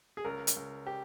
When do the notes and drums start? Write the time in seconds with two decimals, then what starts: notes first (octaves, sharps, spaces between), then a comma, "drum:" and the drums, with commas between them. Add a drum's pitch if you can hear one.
0.17 G#4
0.25 C#2 A#4
0.47 drum: hi-hat
0.56 C#2
0.87 G4